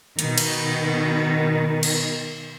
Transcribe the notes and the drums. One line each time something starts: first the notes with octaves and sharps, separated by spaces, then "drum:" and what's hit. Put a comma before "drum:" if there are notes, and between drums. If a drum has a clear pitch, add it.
B2 D#3, drum: hi-hat
drum: cymbal
drum: cymbal